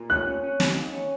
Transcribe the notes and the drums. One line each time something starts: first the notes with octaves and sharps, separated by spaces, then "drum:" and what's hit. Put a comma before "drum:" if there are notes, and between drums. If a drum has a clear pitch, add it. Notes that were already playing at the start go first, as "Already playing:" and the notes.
Already playing: A#2
C#4 F#6
C#4
C#4
D#2, drum: snare
D#2
C#4